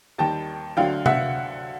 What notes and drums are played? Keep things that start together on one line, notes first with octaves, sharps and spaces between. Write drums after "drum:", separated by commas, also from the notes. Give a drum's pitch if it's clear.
D#2 D#3 G3 G5 A5
D2 D3 F#3 F5 G5
E5 F#5, drum: tom C3